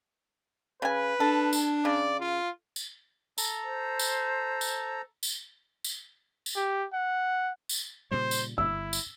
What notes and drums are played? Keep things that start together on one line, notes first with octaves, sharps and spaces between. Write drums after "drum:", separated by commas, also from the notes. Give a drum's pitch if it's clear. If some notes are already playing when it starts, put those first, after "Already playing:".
C#3 B4 G#5
D4 A4
drum: tambourine
C#3 D5
F4
drum: tambourine
A4 A#5, drum: tambourine
C5
drum: tambourine
drum: tambourine
drum: tambourine
drum: tambourine
drum: tambourine
G4
F#5
drum: tambourine
A#2 C#3 G3 C5
drum: tambourine
G1 E4 E6
drum: tambourine